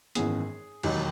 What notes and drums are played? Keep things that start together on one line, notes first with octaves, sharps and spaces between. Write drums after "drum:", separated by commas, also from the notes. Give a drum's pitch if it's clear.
G#1 F#2 E3 B3 G#4, drum: hi-hat
E1 D#2 D#3 F#3, drum: cymbal